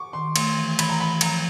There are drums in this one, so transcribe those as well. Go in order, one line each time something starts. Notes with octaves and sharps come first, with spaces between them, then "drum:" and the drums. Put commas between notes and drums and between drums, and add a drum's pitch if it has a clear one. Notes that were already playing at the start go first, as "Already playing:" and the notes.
Already playing: C#6 D6
D#3 C6
A3 C6, drum: cymbal
E3
E3 B5, drum: cymbal
A#5
E3 B5
F3 A#5, drum: cymbal